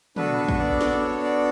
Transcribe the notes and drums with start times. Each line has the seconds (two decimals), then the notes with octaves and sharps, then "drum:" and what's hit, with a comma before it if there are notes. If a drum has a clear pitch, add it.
0.16 B3 D4 F#4 A4 B4, drum: tom
0.37 B4
0.48 drum: kick A1
0.59 D5
0.81 D5, drum: snare
1.02 C#5
1.23 D5